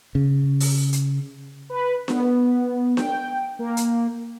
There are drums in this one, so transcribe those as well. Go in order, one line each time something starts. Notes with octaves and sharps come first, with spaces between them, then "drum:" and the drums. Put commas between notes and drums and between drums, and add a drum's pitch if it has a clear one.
C#3
drum: open hi-hat
drum: hi-hat
B4
B3, drum: snare D4
G5, drum: snare D4
A#3
drum: hi-hat